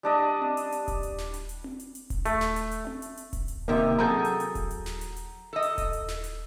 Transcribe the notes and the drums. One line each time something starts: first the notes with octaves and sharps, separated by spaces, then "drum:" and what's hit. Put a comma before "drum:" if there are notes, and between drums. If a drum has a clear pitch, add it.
G3 D4 D#5
drum: tom C4
drum: hi-hat
drum: hi-hat
drum: kick D#1, hi-hat
drum: hi-hat
drum: snare
drum: hi-hat
drum: hi-hat
drum: tom C4
drum: hi-hat
drum: hi-hat
drum: kick D#1, hi-hat
A3, drum: hi-hat
drum: snare
drum: hi-hat
drum: hi-hat
drum: tom C4
drum: hi-hat
drum: hi-hat
drum: kick D#1, hi-hat
drum: hi-hat
C3 D#3 A#3
F#3 G#4 A4 A#5 G6
drum: tom C4
drum: hi-hat
drum: hi-hat
drum: kick D#1, hi-hat
drum: hi-hat
drum: snare
drum: hi-hat
drum: hi-hat
A4 D#5
drum: hi-hat
drum: kick D#1, hi-hat
drum: hi-hat
drum: snare
drum: hi-hat